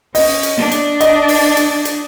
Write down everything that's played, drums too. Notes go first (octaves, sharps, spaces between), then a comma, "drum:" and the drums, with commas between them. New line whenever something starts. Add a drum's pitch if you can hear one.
C#4 D#5, drum: open hi-hat
drum: hi-hat
D4
drum: hi-hat
D#5, drum: hi-hat
drum: open hi-hat
drum: hi-hat
drum: hi-hat